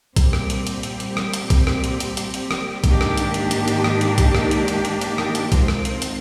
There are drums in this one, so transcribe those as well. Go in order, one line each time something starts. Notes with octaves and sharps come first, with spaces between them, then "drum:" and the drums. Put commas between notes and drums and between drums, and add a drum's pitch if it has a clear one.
A#2 G3 C4 G4, drum: kick, hi-hat
drum: rim click
drum: hi-hat
drum: hi-hat
drum: hi-hat
drum: hi-hat
drum: rim click
drum: hi-hat
drum: kick, hi-hat
drum: rim click
drum: hi-hat
drum: hi-hat
drum: hi-hat
drum: hi-hat
drum: rim click
G#2 D#3 A#3 D4 G4, drum: kick, hi-hat
drum: rim click
drum: hi-hat
drum: hi-hat
drum: hi-hat
drum: hi-hat
drum: rim click
drum: hi-hat
drum: kick, hi-hat
drum: rim click
drum: hi-hat
drum: hi-hat
drum: hi-hat
drum: hi-hat
drum: rim click
drum: hi-hat
D#3 G#3 C4 F4 C5, drum: kick, hi-hat
drum: rim click
drum: hi-hat
drum: hi-hat